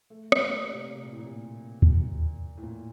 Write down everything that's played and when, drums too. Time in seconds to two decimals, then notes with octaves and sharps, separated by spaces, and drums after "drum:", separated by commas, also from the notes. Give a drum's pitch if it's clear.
0.10 A3
0.32 A3, drum: rim click
0.53 A#3
0.73 C3
0.94 C3
1.03 A#2
1.12 A2
1.19 A#2
1.82 drum: kick
2.57 A2
2.63 A#2